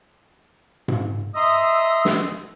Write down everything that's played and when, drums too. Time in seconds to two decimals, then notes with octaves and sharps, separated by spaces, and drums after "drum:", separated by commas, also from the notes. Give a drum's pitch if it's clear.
0.88 drum: tom G#2
1.35 D#5 E5 A#5 C6 D#6 E6
2.05 drum: snare